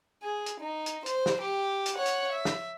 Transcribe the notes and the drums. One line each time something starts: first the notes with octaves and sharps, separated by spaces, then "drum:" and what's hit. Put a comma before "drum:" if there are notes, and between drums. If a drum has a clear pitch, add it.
G#4
drum: hi-hat
D#4
drum: hi-hat
C5, drum: hi-hat
drum: snare
G4
drum: hi-hat
C#5 F#5
drum: hi-hat
E5
drum: snare